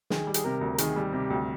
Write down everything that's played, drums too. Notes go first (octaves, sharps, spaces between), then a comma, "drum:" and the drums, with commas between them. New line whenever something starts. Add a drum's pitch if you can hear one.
D#3 G#4, drum: snare
G3
G#4, drum: hi-hat
C3 A#4
D2
A#4
D#3 G#4, drum: hi-hat
G3
C3 G4
D2